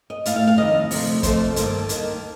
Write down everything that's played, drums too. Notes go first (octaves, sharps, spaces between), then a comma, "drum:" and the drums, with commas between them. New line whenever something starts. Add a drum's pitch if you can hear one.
D#5
A2 A3 F5, drum: hi-hat
F5
F5
F2 D#3 G3 D#5
D2 C3 F3 A3, drum: open hi-hat
F2 C3 F3 A3 C5, drum: kick, hi-hat
G2 D#3 G3 A#3 A4, drum: hi-hat
D#2 D#3 A#3, drum: hi-hat